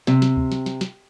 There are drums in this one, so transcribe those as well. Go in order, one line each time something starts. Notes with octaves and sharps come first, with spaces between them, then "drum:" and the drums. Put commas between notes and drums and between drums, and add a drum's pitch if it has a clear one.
C3, drum: snare
drum: snare
drum: kick D2
drum: snare
drum: snare
drum: snare